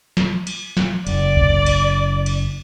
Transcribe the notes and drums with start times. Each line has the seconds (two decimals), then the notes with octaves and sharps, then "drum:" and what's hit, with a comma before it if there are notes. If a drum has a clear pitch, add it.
0.17 drum: snare
0.47 drum: cymbal
0.77 drum: snare
1.07 F#1 D5, drum: cymbal
1.36 drum: kick B1
1.66 drum: cymbal
2.26 drum: cymbal